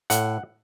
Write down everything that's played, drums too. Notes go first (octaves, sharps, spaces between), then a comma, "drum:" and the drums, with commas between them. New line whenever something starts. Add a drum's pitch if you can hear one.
A2 F#5, drum: hi-hat